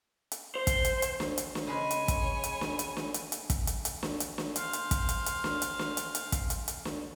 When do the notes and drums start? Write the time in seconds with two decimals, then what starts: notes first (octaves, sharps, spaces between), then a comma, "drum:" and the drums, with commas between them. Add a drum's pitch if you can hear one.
0.32 drum: hi-hat
0.55 C5
0.67 drum: kick, hi-hat
0.85 drum: hi-hat
1.02 drum: hi-hat
1.20 drum: snare
1.38 drum: hi-hat
1.55 drum: snare
1.67 C#3 G#3 B4 C#5 G#5 B5
1.91 drum: hi-hat
2.08 drum: kick, hi-hat
2.44 drum: hi-hat
2.61 drum: snare
2.79 drum: hi-hat
2.97 drum: snare
3.14 drum: hi-hat
3.32 drum: hi-hat
3.50 drum: kick, hi-hat
3.67 drum: hi-hat
3.85 drum: hi-hat
4.03 drum: snare
4.20 drum: hi-hat
4.38 drum: snare
4.56 C5 F5, drum: hi-hat
4.73 drum: hi-hat
4.91 drum: kick, hi-hat
5.09 drum: hi-hat
5.26 drum: hi-hat
5.44 drum: snare
5.62 drum: hi-hat
5.79 drum: snare
5.97 drum: hi-hat
6.15 drum: hi-hat
6.32 drum: kick, hi-hat
6.50 drum: hi-hat
6.68 drum: hi-hat
6.85 drum: snare